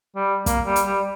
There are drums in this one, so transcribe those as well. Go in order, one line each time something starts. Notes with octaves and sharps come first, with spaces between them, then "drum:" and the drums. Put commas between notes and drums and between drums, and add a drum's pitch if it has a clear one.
G3
A#3, drum: kick, hi-hat
G3
drum: hi-hat
G3